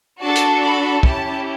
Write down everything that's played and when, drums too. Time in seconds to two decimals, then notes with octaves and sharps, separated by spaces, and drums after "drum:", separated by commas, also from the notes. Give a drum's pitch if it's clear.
0.21 D4 F#4 A4 A5
0.36 drum: hi-hat
0.62 B5
1.03 C#4 E4 G4 A5, drum: kick